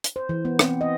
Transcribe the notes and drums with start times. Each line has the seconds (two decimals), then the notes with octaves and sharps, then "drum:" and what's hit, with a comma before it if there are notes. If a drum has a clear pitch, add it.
0.04 drum: hi-hat
0.16 C5
0.29 E3
0.45 B3
0.59 C4, drum: rim click
0.81 D#5